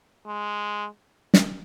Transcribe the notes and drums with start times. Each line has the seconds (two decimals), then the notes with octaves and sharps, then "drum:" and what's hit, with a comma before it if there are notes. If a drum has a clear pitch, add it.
0.27 G#3
1.34 drum: snare